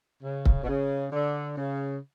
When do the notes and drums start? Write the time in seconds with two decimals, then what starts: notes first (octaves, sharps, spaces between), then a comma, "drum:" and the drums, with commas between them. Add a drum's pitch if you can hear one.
0.23 C#3
0.45 drum: kick C#1
0.63 B2
0.68 C#3
1.12 D3
1.57 C#3